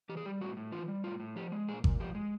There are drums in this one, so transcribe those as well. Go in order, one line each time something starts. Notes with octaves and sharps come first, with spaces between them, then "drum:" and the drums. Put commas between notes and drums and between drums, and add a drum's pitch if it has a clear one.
E3 G4
G#4
G3 G4
A2 F#4
A2
E3 F4
G3
A2 F4
A2
F3 G4
G#3
A#2 G#4
A#2, drum: kick G#1
F3 G4
G#3